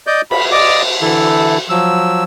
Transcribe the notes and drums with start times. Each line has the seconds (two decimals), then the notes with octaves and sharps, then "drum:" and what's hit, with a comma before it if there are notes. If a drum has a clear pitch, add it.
0.07 D5 D#5 G6
0.31 B5, drum: cymbal
0.52 D5 D#5 D6
1.02 D3 E3 E4 A4
1.70 F3 F#3 E6